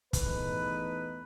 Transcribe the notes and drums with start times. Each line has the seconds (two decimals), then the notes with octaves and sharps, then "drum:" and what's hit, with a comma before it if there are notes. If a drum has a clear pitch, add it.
0.13 E2 A3 D#4 B4, drum: kick, hi-hat